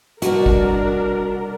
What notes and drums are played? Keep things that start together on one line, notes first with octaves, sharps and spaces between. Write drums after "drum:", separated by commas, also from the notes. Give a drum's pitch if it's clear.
C2 B2 D4 F#4 A#4, drum: hi-hat
drum: kick